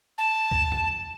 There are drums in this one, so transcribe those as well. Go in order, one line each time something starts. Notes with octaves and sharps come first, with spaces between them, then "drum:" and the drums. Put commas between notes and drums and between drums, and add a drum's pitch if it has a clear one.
A5
drum: kick C#2
drum: tom E2